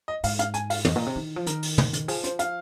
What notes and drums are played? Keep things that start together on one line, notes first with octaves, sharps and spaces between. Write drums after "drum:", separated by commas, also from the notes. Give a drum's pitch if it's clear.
D#5
G#2 F5, drum: open hi-hat
F5, drum: hi-hat
G#5, drum: hi-hat
F5, drum: open hi-hat
F2 D#5, drum: tom
A#2
C3
D#3
F3
D#3 A#4, drum: hi-hat
drum: open hi-hat
drum: tom
drum: hi-hat
F3 G#4, drum: open hi-hat
C5, drum: hi-hat
F5, drum: hi-hat